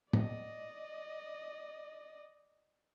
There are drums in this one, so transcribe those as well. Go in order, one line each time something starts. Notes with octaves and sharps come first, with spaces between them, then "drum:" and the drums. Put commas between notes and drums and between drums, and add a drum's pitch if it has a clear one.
D5 D#5, drum: tom